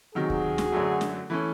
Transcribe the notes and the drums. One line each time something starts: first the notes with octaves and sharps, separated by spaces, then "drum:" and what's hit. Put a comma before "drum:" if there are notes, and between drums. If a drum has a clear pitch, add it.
C3 D#3 F#3 F#4 G#4
drum: kick D2
drum: snare
F#2 D3 F#3 A3
drum: snare
E3 A3 C#4